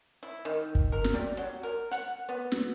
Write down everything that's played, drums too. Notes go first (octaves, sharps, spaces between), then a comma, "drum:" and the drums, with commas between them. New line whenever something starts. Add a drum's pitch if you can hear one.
E4
D#3
drum: kick
A#4
drum: snare
G3
F#3
A#4
F#5, drum: hi-hat
B3
drum: snare